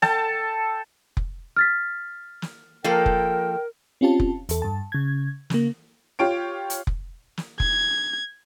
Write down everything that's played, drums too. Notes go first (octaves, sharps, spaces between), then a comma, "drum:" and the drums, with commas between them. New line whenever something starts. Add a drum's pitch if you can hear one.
A4 G5 A5, drum: snare
drum: kick F1
F6 A6 B6
drum: snare
F3 A#3 A4 A#4 G5
drum: kick F1
C4 C#4 F4 G4 A5
drum: kick F1
E2 A4, drum: hi-hat
G2 A5
C#3 G#6
C#3 A#3, drum: snare
F4 G4 C#5 D7
drum: hi-hat
drum: kick F1
drum: snare
G#6, drum: kick F1